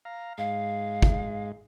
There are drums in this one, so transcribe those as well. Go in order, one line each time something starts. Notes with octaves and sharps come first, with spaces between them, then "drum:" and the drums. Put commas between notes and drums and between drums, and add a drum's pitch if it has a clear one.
F5 A#5
G#2 G#3 F5
drum: kick G1